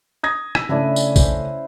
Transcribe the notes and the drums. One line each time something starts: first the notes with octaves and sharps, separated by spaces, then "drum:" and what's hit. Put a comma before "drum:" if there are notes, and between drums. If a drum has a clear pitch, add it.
D#6 G#6 A#6
E6 B6 D#7, drum: rim click
C#3 A3 D4 E4 F#5
G#5, drum: tambourine
C#4 C5, drum: kick, tambourine